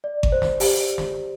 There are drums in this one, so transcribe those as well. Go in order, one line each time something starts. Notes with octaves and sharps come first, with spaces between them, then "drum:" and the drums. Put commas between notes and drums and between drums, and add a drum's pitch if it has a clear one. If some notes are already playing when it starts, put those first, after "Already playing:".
D5
drum: kick G#1
C5
drum: snare
G4, drum: open hi-hat
drum: snare